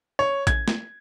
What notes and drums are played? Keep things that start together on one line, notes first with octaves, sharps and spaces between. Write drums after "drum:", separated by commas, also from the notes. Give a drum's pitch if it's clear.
C#5
G#6, drum: kick A1, hi-hat
drum: snare